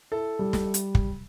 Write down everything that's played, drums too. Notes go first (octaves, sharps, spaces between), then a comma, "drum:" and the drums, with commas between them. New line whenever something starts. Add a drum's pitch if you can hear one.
E4 A4
G3
drum: snare
drum: hi-hat
drum: kick